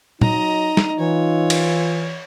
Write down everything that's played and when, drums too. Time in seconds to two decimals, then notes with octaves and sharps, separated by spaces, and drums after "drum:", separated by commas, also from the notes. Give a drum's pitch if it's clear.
0.21 F#3 D#4 D#5 A#5, drum: tom
0.77 drum: snare
0.99 E3 F4 C#5
1.50 drum: cymbal